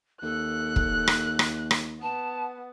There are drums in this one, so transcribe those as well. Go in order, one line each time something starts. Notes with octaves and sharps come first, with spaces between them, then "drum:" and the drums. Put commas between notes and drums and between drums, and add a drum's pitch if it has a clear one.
D#2 A4 F#6
drum: kick
drum: rim click
drum: rim click
drum: rim click
B3 A5